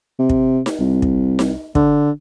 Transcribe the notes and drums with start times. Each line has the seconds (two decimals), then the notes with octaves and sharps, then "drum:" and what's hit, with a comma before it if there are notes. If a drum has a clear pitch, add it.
0.19 C3
0.30 drum: kick
0.66 drum: snare D#4
0.79 C2
1.02 drum: kick
1.39 drum: snare D#4
1.75 D3, drum: kick